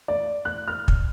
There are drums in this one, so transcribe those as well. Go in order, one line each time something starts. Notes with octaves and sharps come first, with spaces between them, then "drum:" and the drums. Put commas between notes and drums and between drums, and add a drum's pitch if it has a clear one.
D5
F#6
F6
drum: kick